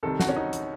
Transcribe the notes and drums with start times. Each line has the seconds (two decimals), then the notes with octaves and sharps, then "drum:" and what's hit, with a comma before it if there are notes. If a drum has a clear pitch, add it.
0.03 C2 C3 D#3 A4
0.19 F#4, drum: snare
0.29 C#4
0.36 D#4
0.53 drum: hi-hat